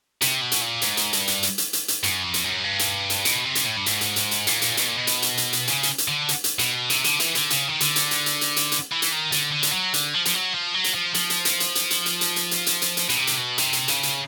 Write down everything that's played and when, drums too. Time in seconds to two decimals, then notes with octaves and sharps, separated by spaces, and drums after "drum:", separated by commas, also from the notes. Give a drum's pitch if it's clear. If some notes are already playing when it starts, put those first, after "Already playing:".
0.22 C3, drum: hi-hat
0.41 B2
0.52 drum: hi-hat
0.61 A#2
0.82 G#2, drum: hi-hat
0.97 drum: hi-hat
1.13 G2, drum: hi-hat
1.28 drum: hi-hat
1.43 drum: hi-hat
1.58 drum: hi-hat
1.73 drum: hi-hat
1.88 drum: hi-hat
2.03 F#2, drum: hi-hat
2.23 F2
2.34 drum: hi-hat
2.44 F#2
2.64 G2
2.79 drum: hi-hat
3.10 drum: hi-hat
3.25 B2, drum: hi-hat
3.45 C3
3.55 drum: hi-hat
3.65 A2
3.77 G2
3.86 G#2, drum: hi-hat
4.01 drum: hi-hat
4.16 drum: hi-hat
4.31 drum: hi-hat
4.47 A#2, drum: hi-hat
4.62 drum: hi-hat
4.77 B2, drum: hi-hat
4.87 A#2
4.97 B2
5.07 drum: hi-hat
5.22 drum: hi-hat
5.38 drum: hi-hat
5.53 drum: hi-hat
5.67 C#3, drum: hi-hat
5.83 drum: hi-hat
5.98 drum: hi-hat
6.08 D3
6.29 drum: hi-hat
6.44 drum: hi-hat
6.59 B2, drum: hi-hat
6.90 C3, drum: hi-hat
7.04 D3, drum: hi-hat
7.20 E3, drum: hi-hat
7.35 D3, drum: hi-hat
7.50 C#3, drum: hi-hat
7.68 D#3
7.81 D3, drum: hi-hat
7.96 drum: hi-hat
8.11 drum: hi-hat
8.26 drum: hi-hat
8.41 drum: hi-hat
8.56 drum: hi-hat
8.72 drum: hi-hat
8.92 E3
9.02 drum: hi-hat
9.12 D#3
9.32 D3, drum: hi-hat
9.53 D3
9.63 drum: hi-hat
9.73 F#3
9.94 D3, drum: hi-hat
10.14 F3
10.25 F3, drum: hi-hat
10.34 F#3
10.54 F3
10.74 F#3
10.84 drum: hi-hat
10.94 F3
11.14 F3, drum: hi-hat
11.30 drum: hi-hat
11.45 drum: hi-hat
11.60 drum: hi-hat
11.75 drum: hi-hat
11.91 drum: hi-hat
12.06 drum: hi-hat
12.21 drum: hi-hat
12.36 drum: hi-hat
12.51 drum: hi-hat
12.66 drum: hi-hat
12.82 drum: hi-hat
12.97 drum: hi-hat
13.09 B2, drum: hi-hat
13.17 C3
13.27 drum: hi-hat
13.37 B2
13.58 C3, drum: hi-hat
13.73 drum: hi-hat
13.88 C#3, drum: hi-hat
14.03 drum: hi-hat